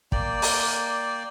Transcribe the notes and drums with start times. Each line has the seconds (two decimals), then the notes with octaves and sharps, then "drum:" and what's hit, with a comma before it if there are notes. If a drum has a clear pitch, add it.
0.12 A#3 D5 G5, drum: kick
0.42 drum: open hi-hat